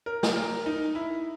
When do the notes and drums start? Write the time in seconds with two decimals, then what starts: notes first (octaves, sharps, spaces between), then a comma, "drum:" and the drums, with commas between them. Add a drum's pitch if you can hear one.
0.06 A#4
0.23 drum: snare
0.36 A#4
0.66 D#4
0.95 E4